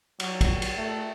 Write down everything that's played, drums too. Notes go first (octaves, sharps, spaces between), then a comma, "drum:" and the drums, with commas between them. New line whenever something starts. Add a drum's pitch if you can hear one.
F#3, drum: cymbal
drum: kick, cymbal
drum: cymbal
A3